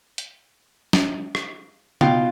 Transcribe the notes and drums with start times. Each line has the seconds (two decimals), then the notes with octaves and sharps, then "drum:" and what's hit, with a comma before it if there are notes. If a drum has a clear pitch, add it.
0.18 drum: hi-hat
0.93 drum: snare
1.35 drum: rim click
2.01 B2 F4 F5 G5, drum: tom C#3